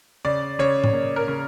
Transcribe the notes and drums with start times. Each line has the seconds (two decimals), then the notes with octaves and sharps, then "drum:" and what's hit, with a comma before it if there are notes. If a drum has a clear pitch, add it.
0.25 C#3 D5
0.59 C#3 C#5
0.84 drum: tom A2
0.93 A#3
1.16 A#4
1.28 C#3